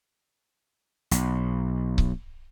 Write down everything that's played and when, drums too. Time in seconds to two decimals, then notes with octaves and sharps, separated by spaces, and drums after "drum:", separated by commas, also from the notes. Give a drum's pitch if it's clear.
1.11 B1, drum: hi-hat
1.98 drum: kick C#1